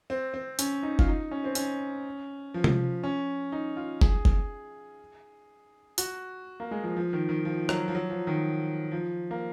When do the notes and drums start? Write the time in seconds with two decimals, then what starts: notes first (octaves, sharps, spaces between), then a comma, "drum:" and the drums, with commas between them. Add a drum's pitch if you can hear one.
0.10 C4
0.34 C4
0.59 C#4, drum: hi-hat
0.83 D#4
0.99 F4, drum: kick F#1
1.08 D#4
1.31 C#4
1.44 C4
1.55 C#4, drum: hi-hat
2.54 F3
2.64 drum: tom C3
3.03 C#4
3.52 D#4
3.77 F4
4.01 G#4, drum: kick F#1
4.25 drum: kick F#1
5.98 F#4, drum: hi-hat
6.60 A#3
6.71 G#3
6.83 F3
6.97 F3
7.13 D#3
7.29 D#3
7.45 F3
7.69 F#3, drum: rim click
7.88 F3
7.95 F#3
8.10 F3
8.27 D#3
8.92 F3
9.31 A#3